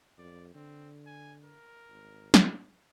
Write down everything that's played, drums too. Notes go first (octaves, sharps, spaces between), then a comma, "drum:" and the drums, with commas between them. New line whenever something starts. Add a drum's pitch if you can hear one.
F2 D5
D3 C4
G#5
A#4
G#1
drum: snare